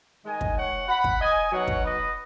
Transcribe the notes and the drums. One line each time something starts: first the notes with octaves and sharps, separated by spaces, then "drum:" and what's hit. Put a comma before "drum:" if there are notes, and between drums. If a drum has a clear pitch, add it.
D#3 G#3 D#4 D#5 G#5
drum: kick
C#5 F#5
F#5 B5
drum: kick
D#5 G#5
B2 F#3 D#4 C#5 F#5
drum: kick
B4 D#5